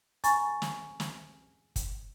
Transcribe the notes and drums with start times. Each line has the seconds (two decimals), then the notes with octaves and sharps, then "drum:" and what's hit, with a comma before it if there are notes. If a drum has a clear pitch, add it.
0.24 G#5 A#5 C#6 A6, drum: hi-hat
0.62 drum: snare
1.00 drum: snare
1.76 drum: kick, hi-hat